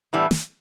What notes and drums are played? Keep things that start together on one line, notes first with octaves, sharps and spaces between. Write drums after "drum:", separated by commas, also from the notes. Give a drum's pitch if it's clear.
A2 E3 G3 B3 D4
drum: snare